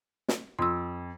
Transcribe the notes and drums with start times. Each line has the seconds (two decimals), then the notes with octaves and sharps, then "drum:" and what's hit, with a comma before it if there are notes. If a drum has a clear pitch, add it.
0.29 drum: snare
0.59 F2 C6 E6